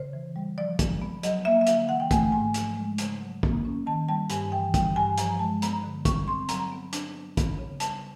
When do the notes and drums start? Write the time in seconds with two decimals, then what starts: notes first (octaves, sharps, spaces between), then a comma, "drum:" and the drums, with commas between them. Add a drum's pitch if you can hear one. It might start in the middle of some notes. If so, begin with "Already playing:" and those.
Already playing: C#3 C5
0.13 E3
0.36 G3
0.58 F3 D5
0.79 G#3, drum: kick, hi-hat
1.02 B3
1.23 F#3 D#5, drum: hi-hat
1.45 A#3 E5
1.61 E5
1.67 D3 F5, drum: hi-hat
1.89 E3 F#5
2.00 G5
2.11 A3 G#5, drum: kick, hi-hat
2.32 G#2 G#5
2.54 F3, drum: hi-hat
2.77 G#3
2.98 C#3, drum: hi-hat
3.21 F#3
3.43 A#3, drum: kick
3.65 C#4
3.87 D#3 A5
4.09 G3 A5
4.30 G2 G#5, drum: hi-hat
4.52 E3 G5
4.74 G3 G5, drum: kick, hi-hat
4.96 G2 G#5
5.18 F3 A#5, drum: hi-hat
5.39 G#3 A5
5.62 B3 A#5, drum: hi-hat
5.84 D3
6.05 G3 C#6, drum: kick, hi-hat
6.27 C4 C6
6.49 F#3 A#5, drum: hi-hat
6.72 B3
6.93 D4, drum: hi-hat
7.14 F#3
7.37 B3, drum: kick, hi-hat
7.59 C#3
7.80 G3 A5, drum: hi-hat